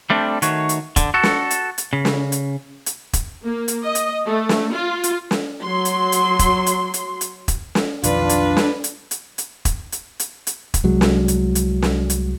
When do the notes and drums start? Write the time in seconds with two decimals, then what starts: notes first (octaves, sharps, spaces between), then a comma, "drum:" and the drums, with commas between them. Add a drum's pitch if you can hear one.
0.10 G3 A3 C4 D4
0.42 D#3 A3 F#4 C#5, drum: hi-hat
0.69 drum: hi-hat
0.96 D3, drum: kick E1, hi-hat
1.14 F#4 A4
1.23 drum: snare
1.51 drum: hi-hat
1.78 drum: hi-hat
1.93 C#3
2.05 drum: snare
2.32 drum: hi-hat
2.86 drum: hi-hat
3.13 drum: kick E1, hi-hat
3.44 A#3
3.68 drum: hi-hat
3.84 D#5
3.95 drum: hi-hat
4.26 A3
4.49 drum: snare
4.73 F4
5.04 drum: hi-hat
5.31 drum: snare
5.62 F#3 C6
5.85 drum: hi-hat
6.12 drum: hi-hat
6.39 drum: kick E1, hi-hat
6.66 drum: hi-hat
6.94 drum: hi-hat
7.21 drum: hi-hat
7.48 drum: kick E1, hi-hat
7.75 drum: snare
8.04 B1 F2 D#3 D4 F4 B4, drum: hi-hat
8.29 drum: hi-hat
8.57 drum: snare
8.84 drum: hi-hat
9.11 drum: hi-hat
9.38 drum: hi-hat
9.65 drum: kick E1, hi-hat
9.92 drum: hi-hat
10.20 drum: hi-hat
10.47 drum: hi-hat
10.74 drum: kick E1, hi-hat
10.84 C2 F#3 G#3
11.01 drum: snare
11.28 drum: hi-hat
11.55 drum: hi-hat
11.82 drum: snare
12.10 drum: hi-hat